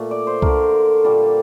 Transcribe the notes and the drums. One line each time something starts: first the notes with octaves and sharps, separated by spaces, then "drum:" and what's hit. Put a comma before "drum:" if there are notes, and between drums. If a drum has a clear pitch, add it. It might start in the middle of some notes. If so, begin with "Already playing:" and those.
Already playing: A#2 A3
D5
C5
D3 A3 A#4, drum: kick C2
A#2 G3 A#3 A4